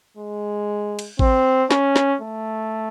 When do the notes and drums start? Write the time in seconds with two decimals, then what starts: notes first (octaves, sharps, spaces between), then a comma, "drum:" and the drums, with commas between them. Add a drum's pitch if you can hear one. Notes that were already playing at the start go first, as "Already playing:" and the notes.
0.17 G#3
0.99 drum: cymbal
1.19 C4, drum: kick A1
1.71 C#4, drum: snare
1.96 drum: snare
2.22 A3